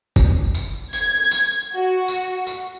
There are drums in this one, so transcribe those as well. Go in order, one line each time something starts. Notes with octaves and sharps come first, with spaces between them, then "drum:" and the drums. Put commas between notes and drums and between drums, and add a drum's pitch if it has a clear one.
drum: kick F#1, tambourine
drum: tambourine
G#6, drum: tambourine
drum: tambourine
F#4
drum: tambourine
drum: tambourine